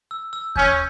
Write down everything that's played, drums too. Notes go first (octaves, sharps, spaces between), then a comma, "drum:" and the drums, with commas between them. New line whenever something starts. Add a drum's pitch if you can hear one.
E6
E6
C#4 G6, drum: kick D#2